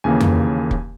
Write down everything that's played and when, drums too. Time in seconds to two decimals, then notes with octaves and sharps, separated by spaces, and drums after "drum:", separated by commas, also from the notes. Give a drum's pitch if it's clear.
0.04 D#2 C#3 E3 A#3 G#5
0.20 drum: tom F2
0.71 drum: kick